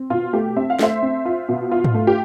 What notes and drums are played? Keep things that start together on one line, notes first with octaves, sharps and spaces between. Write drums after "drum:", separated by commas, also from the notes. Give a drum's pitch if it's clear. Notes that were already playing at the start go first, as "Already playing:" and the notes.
Already playing: C4
B2 F4
A3 G4
C4 E5
F5
A3 C5 E5, drum: snare
C4
F4
B2
F4
drum: tom G#2
A3
G4